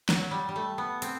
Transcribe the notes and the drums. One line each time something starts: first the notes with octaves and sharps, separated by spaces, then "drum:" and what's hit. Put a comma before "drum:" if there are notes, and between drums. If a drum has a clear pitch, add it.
F#3, drum: snare
G3
G3
A3
B3
C4, drum: hi-hat